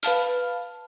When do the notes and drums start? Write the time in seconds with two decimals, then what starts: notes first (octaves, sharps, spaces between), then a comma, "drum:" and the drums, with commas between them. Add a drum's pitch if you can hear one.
0.03 B4 F5 A5 F6, drum: hi-hat